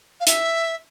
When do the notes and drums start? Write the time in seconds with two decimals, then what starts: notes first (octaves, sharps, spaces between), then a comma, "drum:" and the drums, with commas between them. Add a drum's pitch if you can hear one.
0.20 F5
0.27 E5, drum: hi-hat